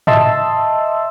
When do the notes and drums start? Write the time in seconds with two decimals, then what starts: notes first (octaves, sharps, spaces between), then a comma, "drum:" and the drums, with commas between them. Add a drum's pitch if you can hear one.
0.07 D#5 E5 A5 C6 E6, drum: tom G#2